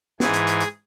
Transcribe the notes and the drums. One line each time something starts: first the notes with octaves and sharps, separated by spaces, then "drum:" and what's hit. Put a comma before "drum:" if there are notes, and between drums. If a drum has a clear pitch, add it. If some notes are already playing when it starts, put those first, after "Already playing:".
G#2 E3 G#4, drum: snare
drum: hi-hat
drum: hi-hat
drum: hi-hat